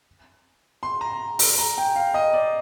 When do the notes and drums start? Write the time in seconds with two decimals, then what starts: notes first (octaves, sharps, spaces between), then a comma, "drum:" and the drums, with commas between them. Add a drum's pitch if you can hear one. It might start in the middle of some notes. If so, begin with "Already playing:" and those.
0.83 C6
1.01 A#5
1.39 A#5, drum: open hi-hat
1.58 A#5
1.78 G5
1.96 F5
2.14 D#5
2.34 D5